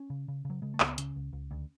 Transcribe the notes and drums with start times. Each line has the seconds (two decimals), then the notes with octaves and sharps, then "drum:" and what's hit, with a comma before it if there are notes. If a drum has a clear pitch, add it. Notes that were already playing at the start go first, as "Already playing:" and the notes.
Already playing: C#4
0.10 C#3
0.28 C#3
0.45 C#3 F#3
0.62 C#3 G#3
0.74 A3
0.80 C#2, drum: clap
0.85 B3
0.98 C#3 C#4, drum: hi-hat
1.16 C#2
1.33 C#2
1.51 D2